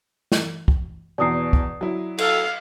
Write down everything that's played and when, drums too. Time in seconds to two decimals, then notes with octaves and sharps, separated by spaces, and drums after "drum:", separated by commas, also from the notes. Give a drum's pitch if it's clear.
0.32 drum: snare
0.68 drum: kick
1.18 E2 B2 D5 D#6 C7
1.53 drum: kick
1.81 F#3 E4
2.18 A4 F5, drum: cymbal